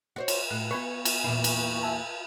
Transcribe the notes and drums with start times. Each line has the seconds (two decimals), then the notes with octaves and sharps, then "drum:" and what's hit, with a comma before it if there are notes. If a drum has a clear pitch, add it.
0.16 F#4 C5 C#5
0.28 drum: cymbal
0.51 A2 F#6
0.71 B3 B4 G#5 C#6
1.05 drum: cymbal
1.24 E2 A#2 E4
1.44 drum: cymbal
1.83 E5 G#5 A5